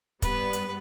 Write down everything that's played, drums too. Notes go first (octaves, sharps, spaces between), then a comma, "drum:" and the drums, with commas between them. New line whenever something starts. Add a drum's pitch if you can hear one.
G2 G3 B3 B4, drum: kick, hi-hat
drum: hi-hat